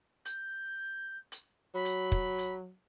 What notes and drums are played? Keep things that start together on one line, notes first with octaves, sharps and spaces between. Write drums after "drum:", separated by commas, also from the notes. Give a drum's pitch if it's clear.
G6, drum: hi-hat
drum: hi-hat
F#3 B5
drum: hi-hat
drum: kick
drum: hi-hat